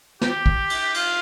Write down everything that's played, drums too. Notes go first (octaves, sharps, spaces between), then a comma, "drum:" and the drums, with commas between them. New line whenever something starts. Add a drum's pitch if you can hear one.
G4, drum: snare
drum: kick
drum: cymbal
F4, drum: cymbal